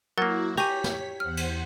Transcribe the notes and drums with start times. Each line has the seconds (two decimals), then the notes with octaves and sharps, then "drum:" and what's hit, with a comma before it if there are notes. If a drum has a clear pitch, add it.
0.18 F#3 A#3 E4 F#4 A#4 F#5 A6
0.57 G4 C#5 G#5 A#5 C#6 B6, drum: cymbal
0.84 drum: snare
1.20 E2 C5 F#5 F6
1.37 drum: cymbal